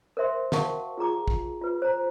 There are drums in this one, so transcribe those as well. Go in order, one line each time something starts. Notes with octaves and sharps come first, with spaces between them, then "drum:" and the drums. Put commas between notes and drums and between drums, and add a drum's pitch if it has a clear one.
A#4 C5 E5 C6
F#4 A#4 F5 F#5 A5 C#6, drum: snare
F4 G#4 A#5 D6
drum: kick
F4 B4
C5 A#5